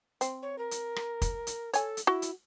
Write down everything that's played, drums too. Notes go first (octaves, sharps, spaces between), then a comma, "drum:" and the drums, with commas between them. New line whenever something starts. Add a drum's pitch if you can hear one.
C4, drum: hi-hat
C#5
A#4
drum: hi-hat
drum: rim click
drum: kick, hi-hat
drum: hi-hat
A4 C#5 G#5, drum: hi-hat
drum: hi-hat
E4 F#4
drum: hi-hat